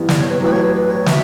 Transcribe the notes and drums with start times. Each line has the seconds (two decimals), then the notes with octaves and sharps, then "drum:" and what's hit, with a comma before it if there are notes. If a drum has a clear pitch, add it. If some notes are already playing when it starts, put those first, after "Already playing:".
Already playing: G2 E3 B3 E4
0.09 D5, drum: snare
0.18 C#5
0.29 B4
0.40 A1 A2 F#3 B4
0.51 C#5
0.62 B4
0.74 B4
0.90 C#5
1.06 B2 E5, drum: snare